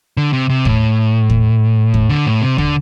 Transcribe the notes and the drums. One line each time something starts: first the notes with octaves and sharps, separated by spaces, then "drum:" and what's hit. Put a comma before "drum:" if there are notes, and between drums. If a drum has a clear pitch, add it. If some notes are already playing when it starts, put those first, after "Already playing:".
D3
C3
C3
A2, drum: kick D#2
drum: kick D#2
drum: kick D#2
D3
A2
C3
D3, drum: kick D#2